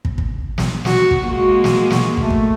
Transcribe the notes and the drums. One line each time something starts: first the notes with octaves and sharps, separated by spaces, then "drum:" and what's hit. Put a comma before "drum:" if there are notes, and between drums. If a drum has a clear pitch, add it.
drum: kick
drum: kick
drum: snare
F#4, drum: snare
drum: kick
G#3 A#3 F#4
drum: snare
drum: snare
A3, drum: kick
drum: kick